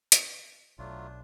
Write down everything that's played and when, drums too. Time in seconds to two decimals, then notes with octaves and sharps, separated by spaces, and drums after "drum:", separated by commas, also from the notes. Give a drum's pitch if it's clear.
0.12 drum: hi-hat
0.79 B1 F#3 A3 D4 F4